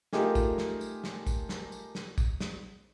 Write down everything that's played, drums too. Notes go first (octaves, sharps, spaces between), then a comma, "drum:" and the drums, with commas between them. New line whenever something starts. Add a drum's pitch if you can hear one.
A3 D#4 F4 G4 G#4 A#4, drum: snare
drum: kick, tambourine
drum: snare
drum: tambourine
drum: snare
drum: kick, tambourine
drum: snare
drum: tambourine
drum: snare
drum: kick, tambourine
drum: snare